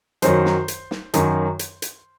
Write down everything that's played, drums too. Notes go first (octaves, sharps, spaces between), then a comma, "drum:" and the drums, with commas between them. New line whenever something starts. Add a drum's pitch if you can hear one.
F#2 D#3 F#3 C5, drum: hi-hat
drum: snare
drum: hi-hat
drum: snare
F#2 D#3 F#3, drum: hi-hat
drum: hi-hat
drum: hi-hat